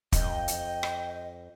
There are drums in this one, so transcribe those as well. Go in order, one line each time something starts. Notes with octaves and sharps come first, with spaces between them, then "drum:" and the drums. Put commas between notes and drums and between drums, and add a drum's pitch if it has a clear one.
F2 D#5 G5, drum: kick, hi-hat
drum: hi-hat
drum: rim click